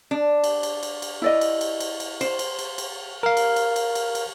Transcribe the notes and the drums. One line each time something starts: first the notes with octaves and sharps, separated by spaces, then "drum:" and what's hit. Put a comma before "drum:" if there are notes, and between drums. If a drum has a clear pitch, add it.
D4
drum: cymbal
drum: cymbal
drum: cymbal
drum: cymbal
E4 D5 D#5
drum: cymbal
drum: cymbal
drum: cymbal
drum: cymbal
C5, drum: cymbal
drum: cymbal
drum: cymbal
drum: cymbal
A#4 F5
drum: cymbal
drum: cymbal
drum: cymbal
drum: cymbal
drum: cymbal